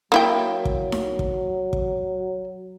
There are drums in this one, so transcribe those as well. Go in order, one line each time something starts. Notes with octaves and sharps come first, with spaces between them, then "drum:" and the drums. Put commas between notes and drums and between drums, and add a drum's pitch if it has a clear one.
F#3 A#3 E4 G5
drum: kick
drum: snare D#4
drum: kick
drum: kick